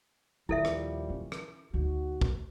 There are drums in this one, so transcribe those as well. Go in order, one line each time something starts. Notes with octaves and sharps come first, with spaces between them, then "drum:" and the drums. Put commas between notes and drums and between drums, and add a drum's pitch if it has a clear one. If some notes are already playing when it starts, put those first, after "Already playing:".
D#2 A#2 F3 G3 E4 A4 E5
drum: rim click
C#4
drum: rim click
D2 D#4 F#4
drum: kick